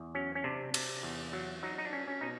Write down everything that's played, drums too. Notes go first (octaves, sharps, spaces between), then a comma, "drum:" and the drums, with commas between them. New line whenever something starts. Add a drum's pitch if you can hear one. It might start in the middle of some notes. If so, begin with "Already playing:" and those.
Already playing: E2
F#3 C#4
C#4
C3 D4
C3, drum: cymbal
E2
F#3
F#3 D#4
D#4
D4
C#4
C#4
B2 D#4